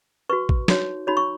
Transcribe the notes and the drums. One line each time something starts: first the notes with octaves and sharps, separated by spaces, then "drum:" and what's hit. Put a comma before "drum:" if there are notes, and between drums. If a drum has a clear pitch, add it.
F#4 B4 C#6
drum: kick
D#4 F#4 C#5, drum: snare
D#4 F#4 C#5 B5
C#6